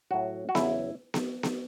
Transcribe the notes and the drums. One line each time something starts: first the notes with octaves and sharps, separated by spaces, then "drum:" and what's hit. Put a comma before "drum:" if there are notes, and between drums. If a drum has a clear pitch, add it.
A2 F#3 F#4
F#4
E2 C#3 F#3 E4, drum: snare B3
drum: snare B3
drum: snare B3